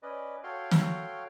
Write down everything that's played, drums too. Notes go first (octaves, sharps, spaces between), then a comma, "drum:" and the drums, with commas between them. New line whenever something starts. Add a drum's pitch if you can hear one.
C#4 B4 D5 D#5
F#4 A4 C#5 F5 G5 C6
drum: snare